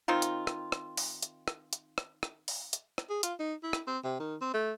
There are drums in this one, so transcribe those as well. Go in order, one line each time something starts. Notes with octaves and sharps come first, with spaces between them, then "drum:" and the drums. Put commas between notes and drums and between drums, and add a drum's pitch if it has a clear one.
D#3 C4 D#4 F4
drum: hi-hat
drum: rim click
drum: rim click
drum: open hi-hat
drum: hi-hat
drum: rim click
drum: hi-hat
drum: rim click
drum: rim click
drum: open hi-hat
drum: hi-hat
drum: rim click
G#4
F4, drum: hi-hat
D#4
E4
drum: rim click
C4
C3
D#3
C4
A3